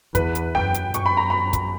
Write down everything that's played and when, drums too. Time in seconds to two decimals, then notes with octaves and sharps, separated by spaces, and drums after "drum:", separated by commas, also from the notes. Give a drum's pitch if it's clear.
0.15 E2 B4, drum: kick, hi-hat
0.35 drum: hi-hat
0.55 F#2 G5, drum: snare
0.74 drum: hi-hat
0.94 F#2 C#6, drum: hi-hat
1.06 B5
1.17 A#5
1.30 B5
1.53 drum: kick, hi-hat